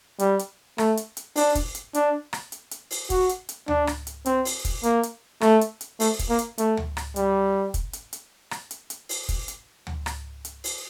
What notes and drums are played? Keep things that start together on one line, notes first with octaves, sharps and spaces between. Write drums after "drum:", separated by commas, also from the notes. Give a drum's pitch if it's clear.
G3, drum: hi-hat
drum: hi-hat
A3, drum: rim click
drum: hi-hat
drum: hi-hat
D4, drum: open hi-hat
drum: kick, hi-hat
drum: hi-hat
D4, drum: hi-hat
drum: rim click
drum: hi-hat
drum: hi-hat
drum: open hi-hat
F#4, drum: kick, hi-hat
drum: hi-hat
drum: hi-hat
D4, drum: tom D2
drum: rim click
drum: hi-hat
C4, drum: hi-hat
drum: open hi-hat
drum: kick, hi-hat
A#3, drum: hi-hat
drum: hi-hat
A3, drum: rim click
drum: hi-hat
drum: hi-hat
A3, drum: open hi-hat
drum: kick, hi-hat
A#3
drum: hi-hat
A3, drum: hi-hat
drum: tom D2
drum: rim click
G3, drum: hi-hat
drum: kick, hi-hat
drum: hi-hat
drum: hi-hat
drum: rim click
drum: hi-hat
drum: hi-hat
drum: open hi-hat
drum: kick, hi-hat
drum: hi-hat
drum: tom D2
drum: rim click
drum: hi-hat
drum: open hi-hat